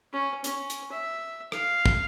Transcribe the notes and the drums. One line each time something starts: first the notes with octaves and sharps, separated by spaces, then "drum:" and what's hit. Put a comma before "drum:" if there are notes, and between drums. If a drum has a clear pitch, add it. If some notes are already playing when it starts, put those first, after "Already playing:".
C#4
C#4, drum: hi-hat
drum: hi-hat
E5
F5, drum: rim click
drum: kick